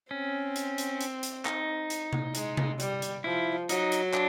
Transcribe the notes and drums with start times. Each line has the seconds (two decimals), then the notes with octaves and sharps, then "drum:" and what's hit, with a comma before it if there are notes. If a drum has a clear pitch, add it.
0.11 C4 C#4
0.56 drum: hi-hat
0.78 drum: hi-hat
1.01 drum: hi-hat
1.23 drum: hi-hat
1.45 D#4, drum: clap
1.90 drum: hi-hat
2.13 drum: tom C3
2.35 G#3, drum: hi-hat
2.57 drum: tom C3
2.80 G3, drum: hi-hat
3.02 drum: hi-hat
3.24 F3 E4
3.69 F#3 D#4, drum: hi-hat
3.92 drum: hi-hat
4.14 D4, drum: clap